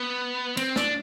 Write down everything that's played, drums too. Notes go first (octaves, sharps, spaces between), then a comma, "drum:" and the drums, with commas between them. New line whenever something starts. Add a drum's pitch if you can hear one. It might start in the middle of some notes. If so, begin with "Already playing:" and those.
Already playing: B3
C4, drum: cymbal
D4, drum: snare